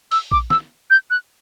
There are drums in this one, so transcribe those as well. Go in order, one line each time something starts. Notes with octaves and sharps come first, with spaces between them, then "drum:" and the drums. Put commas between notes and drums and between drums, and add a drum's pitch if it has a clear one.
E6, drum: open hi-hat
D6, drum: kick A#1
E6, drum: snare
G6
F#6